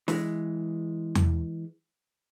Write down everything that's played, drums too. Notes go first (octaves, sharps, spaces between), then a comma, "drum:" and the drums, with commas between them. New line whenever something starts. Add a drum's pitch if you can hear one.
E3 G#3, drum: snare
drum: tom E2